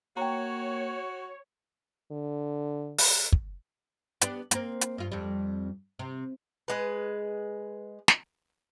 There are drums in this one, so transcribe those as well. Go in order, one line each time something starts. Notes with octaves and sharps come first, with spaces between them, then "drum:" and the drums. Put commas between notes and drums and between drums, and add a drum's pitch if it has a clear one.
A#3 F#4 C#5 G5 A#5
D3
drum: open hi-hat
drum: kick
B3 D4 G4, drum: hi-hat
A#3 C4, drum: hi-hat
drum: hi-hat
G2 F4
F2 G3
C3
G#3 B4
drum: snare